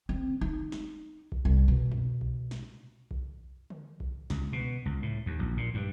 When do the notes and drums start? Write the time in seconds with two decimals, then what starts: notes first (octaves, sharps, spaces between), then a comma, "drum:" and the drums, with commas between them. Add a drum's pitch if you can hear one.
0.09 C4
0.41 D#4
0.72 drum: snare
1.32 drum: kick B1
1.45 C2
1.68 B2
1.92 drum: tom
2.21 drum: kick B1
2.51 drum: snare
3.11 drum: kick B1
3.70 drum: tom
4.00 drum: kick B1
4.30 C#2, drum: snare
4.53 B2
4.86 C#2
5.02 A2
5.26 D#2
5.39 A#1
5.57 A#2
5.74 G2